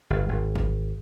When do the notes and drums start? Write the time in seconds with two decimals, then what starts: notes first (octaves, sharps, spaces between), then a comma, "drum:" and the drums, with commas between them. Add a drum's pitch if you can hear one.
0.10 G1
0.29 G#1
0.55 drum: kick A1